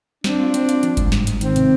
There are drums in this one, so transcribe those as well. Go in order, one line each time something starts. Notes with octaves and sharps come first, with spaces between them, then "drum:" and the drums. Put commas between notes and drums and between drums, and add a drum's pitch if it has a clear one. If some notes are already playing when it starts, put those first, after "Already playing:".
C4 D4, drum: snare
F4
C4, drum: hi-hat
F4, drum: hi-hat
F3, drum: hi-hat
G#2, drum: kick G1, hi-hat
G#2, drum: snare
G#2, drum: hi-hat
D#3 C4, drum: hi-hat
C3, drum: hi-hat